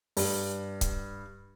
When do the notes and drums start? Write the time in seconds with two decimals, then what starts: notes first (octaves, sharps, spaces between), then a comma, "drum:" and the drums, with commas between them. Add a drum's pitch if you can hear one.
0.17 G2, drum: open hi-hat
0.81 drum: kick C#1, hi-hat